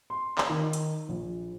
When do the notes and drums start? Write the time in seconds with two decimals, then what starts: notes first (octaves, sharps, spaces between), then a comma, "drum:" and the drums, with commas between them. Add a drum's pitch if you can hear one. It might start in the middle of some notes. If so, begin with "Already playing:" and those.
0.10 C6
0.38 drum: clap
0.49 D#3
0.73 drum: hi-hat
1.09 A#1